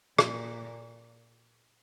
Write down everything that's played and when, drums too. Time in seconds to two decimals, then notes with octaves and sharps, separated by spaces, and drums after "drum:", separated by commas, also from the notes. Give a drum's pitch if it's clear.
0.18 A#2, drum: rim click